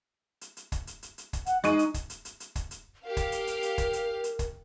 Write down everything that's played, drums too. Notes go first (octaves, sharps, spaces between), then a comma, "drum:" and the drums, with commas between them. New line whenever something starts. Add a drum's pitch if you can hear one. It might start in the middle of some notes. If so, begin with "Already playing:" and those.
drum: hi-hat
drum: hi-hat
drum: kick, hi-hat
drum: hi-hat
drum: hi-hat
drum: hi-hat
drum: kick, hi-hat
F#5, drum: hi-hat
G#3 D#4 C#6 D#7, drum: hi-hat
drum: hi-hat
drum: kick, hi-hat
drum: hi-hat
drum: hi-hat
drum: hi-hat
drum: kick, hi-hat
drum: hi-hat
G4 A#4 F5
drum: kick, hi-hat
drum: hi-hat
drum: hi-hat
drum: hi-hat
drum: kick, hi-hat
drum: hi-hat
drum: hi-hat
drum: kick, hi-hat